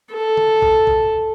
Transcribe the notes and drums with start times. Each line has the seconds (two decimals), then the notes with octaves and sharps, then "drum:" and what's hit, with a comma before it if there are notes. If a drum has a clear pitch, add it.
0.12 A4
0.37 drum: tom
0.62 drum: kick
0.87 drum: kick